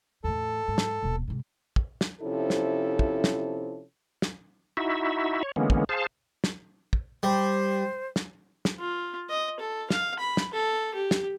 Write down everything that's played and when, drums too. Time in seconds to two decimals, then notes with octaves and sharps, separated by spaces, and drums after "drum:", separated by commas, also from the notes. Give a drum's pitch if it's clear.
0.24 E2 A2 A4
0.68 G#2
0.78 drum: snare
1.02 D#1 B2
1.28 G#2 C3
1.76 drum: kick
2.01 drum: snare
2.21 C3 F3 C#4 E4 A4
2.50 drum: snare
2.99 drum: kick
3.24 drum: snare
4.22 drum: snare
4.77 D#4 E4 F#4 E5
5.43 C#5
5.56 D3 E3 G#3 A#3 B3 C#4
5.70 drum: kick
5.89 G#4 C5 F5 A5
6.44 drum: snare
6.93 drum: kick
7.23 G3 C5
8.16 drum: snare
8.65 drum: snare
8.79 F4
9.30 D#5
9.60 A4
9.90 F5, drum: snare
10.19 B5
10.37 drum: snare
10.53 A4
10.94 G4
11.11 drum: snare